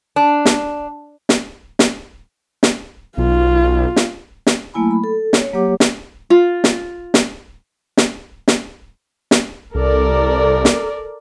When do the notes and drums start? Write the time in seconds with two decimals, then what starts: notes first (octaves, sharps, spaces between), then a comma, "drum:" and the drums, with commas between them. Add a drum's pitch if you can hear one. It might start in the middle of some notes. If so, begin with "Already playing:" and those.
0.16 D4
0.46 drum: snare
1.29 drum: snare
1.79 drum: snare
2.63 drum: snare
3.17 B1 F4
3.96 drum: snare
4.47 drum: snare
4.74 F#3 A3 A#3 E4 G#5 B5
4.91 B5
5.04 A4
5.33 C#5, drum: snare
5.53 F#3 A#3 G4 C#5 F#5 D6
5.80 drum: snare
6.30 F4
6.64 drum: snare
7.14 drum: snare
7.97 drum: snare
8.48 drum: snare
9.31 drum: snare
9.75 C2 A4 A#4 D5
10.65 drum: snare